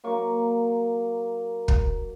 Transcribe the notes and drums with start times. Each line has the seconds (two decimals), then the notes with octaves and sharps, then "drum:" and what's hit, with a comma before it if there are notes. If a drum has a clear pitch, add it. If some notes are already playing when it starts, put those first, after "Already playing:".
0.04 F#3 A#3 C#6
1.68 drum: kick